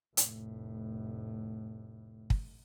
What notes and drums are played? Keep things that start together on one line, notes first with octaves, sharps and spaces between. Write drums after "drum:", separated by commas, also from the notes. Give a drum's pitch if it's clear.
F1 A2, drum: hi-hat
drum: kick